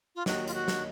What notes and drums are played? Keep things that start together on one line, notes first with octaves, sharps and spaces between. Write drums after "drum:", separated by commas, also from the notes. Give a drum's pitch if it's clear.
F4
D#2 D#3 F#3 F#4, drum: snare
F4, drum: hi-hat
F#4
drum: snare